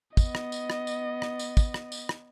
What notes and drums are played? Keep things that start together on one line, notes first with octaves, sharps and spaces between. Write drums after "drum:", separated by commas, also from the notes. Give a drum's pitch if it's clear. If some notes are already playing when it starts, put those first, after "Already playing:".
B3 D#5, drum: kick, tambourine
drum: rim click
drum: tambourine
drum: rim click
drum: tambourine
drum: rim click
drum: tambourine
drum: kick, tambourine
drum: rim click
drum: tambourine
drum: rim click